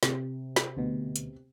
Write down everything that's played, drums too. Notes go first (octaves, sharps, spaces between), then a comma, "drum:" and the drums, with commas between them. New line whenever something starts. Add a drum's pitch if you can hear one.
C3, drum: snare
drum: snare
D2 B2
drum: hi-hat